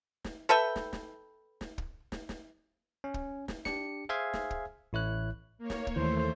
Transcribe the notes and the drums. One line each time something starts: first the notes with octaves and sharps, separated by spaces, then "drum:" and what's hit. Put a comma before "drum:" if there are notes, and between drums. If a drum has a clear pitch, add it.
drum: snare
A4 B4 E5 G5
drum: snare
drum: snare
drum: snare
drum: kick
drum: snare
drum: snare
C#4
drum: kick
drum: snare
D4 G4 C#7, drum: snare
G#4 C5 E5 F5 G#5 G#6
drum: snare
drum: kick
A1 E4 C#5 F#6
A#3 C#5
drum: snare
drum: kick
D#2 E3 A3 C5